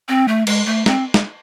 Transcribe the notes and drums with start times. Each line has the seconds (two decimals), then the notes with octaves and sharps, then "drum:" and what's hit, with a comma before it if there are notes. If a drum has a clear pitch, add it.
0.08 C4
0.28 A3
0.47 G#3, drum: cymbal
0.66 A3
0.86 C4, drum: snare
1.14 drum: snare